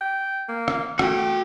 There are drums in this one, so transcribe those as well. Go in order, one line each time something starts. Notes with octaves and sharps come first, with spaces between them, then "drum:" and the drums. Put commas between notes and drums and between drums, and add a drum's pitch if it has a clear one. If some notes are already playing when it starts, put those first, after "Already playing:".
G5
A#3
drum: rim click
A3 F#4 G5, drum: rim click